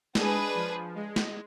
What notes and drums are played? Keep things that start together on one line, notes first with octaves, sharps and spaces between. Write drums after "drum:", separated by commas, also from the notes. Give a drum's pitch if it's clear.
G#3 D4 G#4 B4, drum: snare
F3
G#3
drum: snare